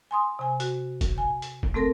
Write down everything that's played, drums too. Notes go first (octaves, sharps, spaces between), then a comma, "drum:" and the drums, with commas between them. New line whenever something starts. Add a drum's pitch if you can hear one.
G#5 C6 D#6
C3 G#5
F#4, drum: hi-hat
drum: kick, hi-hat
G#5
drum: hi-hat
drum: kick
A3 C4 A4 A#4 A#6